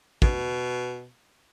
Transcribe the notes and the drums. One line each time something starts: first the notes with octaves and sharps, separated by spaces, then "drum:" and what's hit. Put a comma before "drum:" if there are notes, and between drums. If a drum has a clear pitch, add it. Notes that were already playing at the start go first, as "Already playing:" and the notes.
B2, drum: kick